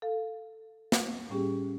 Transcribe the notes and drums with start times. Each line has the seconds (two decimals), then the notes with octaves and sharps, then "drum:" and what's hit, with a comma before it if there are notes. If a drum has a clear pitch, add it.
0.02 A4 F5
0.92 drum: snare
1.29 A2 G3 C#4 G4 G#4